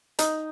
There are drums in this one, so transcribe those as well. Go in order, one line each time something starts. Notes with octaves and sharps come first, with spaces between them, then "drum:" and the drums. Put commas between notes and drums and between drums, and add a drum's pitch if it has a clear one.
D#4, drum: hi-hat